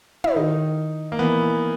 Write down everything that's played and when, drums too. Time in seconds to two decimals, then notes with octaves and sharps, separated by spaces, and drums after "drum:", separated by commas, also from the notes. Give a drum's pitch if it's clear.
0.24 E4, drum: tom
0.36 D#3 D#4
1.12 A#3
1.19 E3 B3